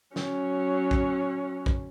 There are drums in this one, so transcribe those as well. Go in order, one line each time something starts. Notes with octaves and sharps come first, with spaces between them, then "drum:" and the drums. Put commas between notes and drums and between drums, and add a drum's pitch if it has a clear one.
F#3 C#4, drum: snare
drum: kick A#1
drum: kick A#1